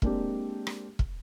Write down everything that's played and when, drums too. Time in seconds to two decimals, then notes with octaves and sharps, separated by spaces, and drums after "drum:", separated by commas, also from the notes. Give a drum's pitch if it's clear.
0.02 G#3 A#3 C4 D4 G4, drum: kick
0.67 drum: rim click
0.99 drum: kick